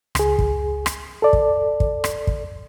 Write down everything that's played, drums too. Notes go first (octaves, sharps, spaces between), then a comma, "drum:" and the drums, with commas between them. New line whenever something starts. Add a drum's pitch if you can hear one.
C#2 G#4, drum: rim click
drum: kick
drum: rim click
A4 D5
drum: kick
drum: kick
drum: rim click
drum: kick